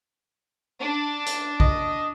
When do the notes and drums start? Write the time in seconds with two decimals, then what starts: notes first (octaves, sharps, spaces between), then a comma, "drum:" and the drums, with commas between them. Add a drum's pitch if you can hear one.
0.79 D4
1.26 drum: hi-hat
1.60 D#5, drum: kick A#1